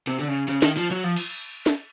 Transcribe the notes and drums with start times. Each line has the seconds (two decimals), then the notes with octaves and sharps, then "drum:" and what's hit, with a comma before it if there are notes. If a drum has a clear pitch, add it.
0.08 C3
0.19 D3
0.28 C#3
0.48 C#3
0.62 D#3, drum: snare
0.77 F3
0.91 F#3
1.04 F3
1.16 drum: cymbal
1.66 drum: snare